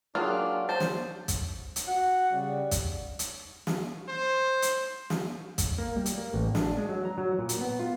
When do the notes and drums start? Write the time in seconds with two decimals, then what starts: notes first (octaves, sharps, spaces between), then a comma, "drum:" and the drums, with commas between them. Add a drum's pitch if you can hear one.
0.15 F#3 A#3 D4 F4 G4 G#4
0.69 C5 A5
0.80 drum: snare
1.28 drum: kick, hi-hat
1.76 drum: hi-hat
1.87 F#4 F#5
2.31 C#3 G3
2.71 drum: kick, hi-hat
3.19 drum: hi-hat
3.67 drum: snare
4.08 C5
4.62 drum: hi-hat
5.10 drum: snare
5.58 drum: kick, hi-hat
5.78 A#3
5.96 G3
6.06 drum: hi-hat
6.17 A#3
6.34 A1
6.55 D4, drum: snare
6.77 G#3
6.89 F#3
7.05 A#5
7.18 F#3
7.39 A#2
7.49 drum: hi-hat
7.61 B3
7.80 F4